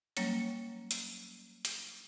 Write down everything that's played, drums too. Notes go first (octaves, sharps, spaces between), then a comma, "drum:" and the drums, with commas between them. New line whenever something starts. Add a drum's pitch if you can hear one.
F#3 G3 A#3 C#4 C#5, drum: hi-hat
drum: hi-hat
drum: hi-hat